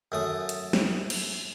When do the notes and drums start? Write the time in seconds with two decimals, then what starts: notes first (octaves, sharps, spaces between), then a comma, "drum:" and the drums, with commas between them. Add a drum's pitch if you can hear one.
0.12 F#2 A3 D#6
0.49 drum: hi-hat
0.73 drum: snare
1.10 drum: cymbal